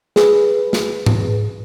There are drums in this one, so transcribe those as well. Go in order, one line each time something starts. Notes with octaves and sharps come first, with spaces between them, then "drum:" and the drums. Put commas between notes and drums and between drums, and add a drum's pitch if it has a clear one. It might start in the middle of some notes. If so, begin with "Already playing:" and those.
G#4 B4, drum: snare
drum: snare
drum: tom G#2